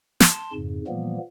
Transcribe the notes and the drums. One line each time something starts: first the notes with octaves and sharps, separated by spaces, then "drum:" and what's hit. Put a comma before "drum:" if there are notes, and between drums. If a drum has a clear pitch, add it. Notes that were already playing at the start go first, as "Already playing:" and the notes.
A5 C6, drum: snare
F2 G#2 C#3
A#2 E3 F3 G3 A#3 B3